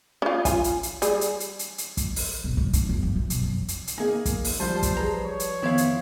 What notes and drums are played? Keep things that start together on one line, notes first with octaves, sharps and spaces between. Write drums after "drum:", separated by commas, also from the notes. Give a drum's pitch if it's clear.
C#4 F4
F4 G#5, drum: kick, hi-hat
drum: hi-hat
drum: hi-hat
G3 G#4, drum: hi-hat
drum: hi-hat
drum: hi-hat
drum: hi-hat
drum: hi-hat
drum: kick, hi-hat
drum: open hi-hat
E1
G3, drum: kick
D4, drum: kick, hi-hat
E2
G2
E3
B1, drum: hi-hat
F#2
drum: hi-hat
drum: hi-hat
A#3 D#4 G#4 G#5
drum: kick, hi-hat
drum: open hi-hat
F3 G3 C5 A5
drum: kick, hi-hat
G#4 B4 A#5
C#5
drum: hi-hat
F2 D#3 B3 E4 C5 F5 G#6
drum: hi-hat